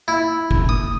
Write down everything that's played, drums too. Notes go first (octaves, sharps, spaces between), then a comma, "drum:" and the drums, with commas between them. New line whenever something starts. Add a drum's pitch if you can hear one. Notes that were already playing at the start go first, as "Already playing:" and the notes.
E4
drum: kick F#1
D#6